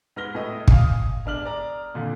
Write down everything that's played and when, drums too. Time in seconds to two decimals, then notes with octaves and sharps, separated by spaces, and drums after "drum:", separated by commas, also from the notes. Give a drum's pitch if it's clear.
0.16 G#2 B3 F6 A#6 G7
0.35 A2 D#5
0.68 F5 G#5 D#6, drum: kick
1.26 E1 D4 F6 F#7
1.45 D5 A#5
1.94 F2 A#2 D3